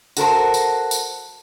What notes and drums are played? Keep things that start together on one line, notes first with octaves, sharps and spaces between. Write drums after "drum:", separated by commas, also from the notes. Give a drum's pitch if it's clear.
F#4 A4 A#4 C5, drum: tambourine
drum: tambourine
drum: tambourine